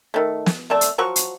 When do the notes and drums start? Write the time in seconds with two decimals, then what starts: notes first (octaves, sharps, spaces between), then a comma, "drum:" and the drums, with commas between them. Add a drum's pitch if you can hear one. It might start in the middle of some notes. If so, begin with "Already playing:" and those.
0.14 D#3 A3
0.46 drum: snare
0.70 C3 A3 D5 A5
0.81 drum: hi-hat
0.98 F3 F#3 F#4 C#6
1.16 drum: hi-hat